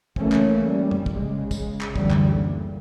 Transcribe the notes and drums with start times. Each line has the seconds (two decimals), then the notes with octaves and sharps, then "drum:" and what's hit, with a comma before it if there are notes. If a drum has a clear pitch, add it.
0.16 C#3 E3 A3 A#3 C#4, drum: kick
0.32 drum: clap
0.70 G3
0.91 drum: tom
1.06 drum: kick
1.16 C#3 G#3
1.51 drum: kick, tambourine
1.81 drum: clap
1.96 F#1 D2 D3 E3 G3, drum: kick
2.10 drum: clap
2.43 A#2